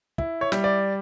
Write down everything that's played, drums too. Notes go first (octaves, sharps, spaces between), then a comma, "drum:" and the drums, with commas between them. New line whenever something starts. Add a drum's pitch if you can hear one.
E4, drum: kick
C#5
G3, drum: snare
D5